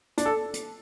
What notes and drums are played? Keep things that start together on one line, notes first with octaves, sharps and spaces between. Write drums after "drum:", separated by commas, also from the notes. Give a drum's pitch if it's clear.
D4, drum: hi-hat
A4
drum: hi-hat